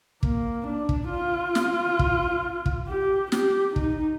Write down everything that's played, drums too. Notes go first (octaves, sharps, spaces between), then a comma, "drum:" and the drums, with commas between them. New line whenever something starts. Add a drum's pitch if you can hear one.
A#3, drum: kick
D4
drum: kick
F4
drum: snare
drum: kick
drum: kick
G4
G4, drum: snare
D#4, drum: kick